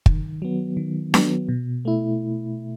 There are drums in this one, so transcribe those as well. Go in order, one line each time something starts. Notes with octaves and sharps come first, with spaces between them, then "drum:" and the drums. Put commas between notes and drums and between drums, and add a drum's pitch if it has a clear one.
D#3, drum: kick
F#3 B3
D#3
F#3 B3, drum: snare D4
B2
A3 E4